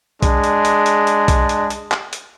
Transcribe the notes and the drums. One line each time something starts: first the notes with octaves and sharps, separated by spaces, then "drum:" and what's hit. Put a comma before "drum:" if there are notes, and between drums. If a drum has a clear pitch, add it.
G#3 D4, drum: kick B1, hi-hat
drum: hi-hat
drum: hi-hat
drum: hi-hat
drum: hi-hat
drum: kick B1, hi-hat
drum: hi-hat
drum: hi-hat
drum: clap
drum: hi-hat